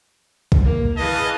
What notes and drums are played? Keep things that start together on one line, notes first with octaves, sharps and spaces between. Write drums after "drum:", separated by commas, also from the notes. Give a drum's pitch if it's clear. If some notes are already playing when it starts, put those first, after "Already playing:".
drum: kick
A#3
E3 G#4 D#5 F5 A5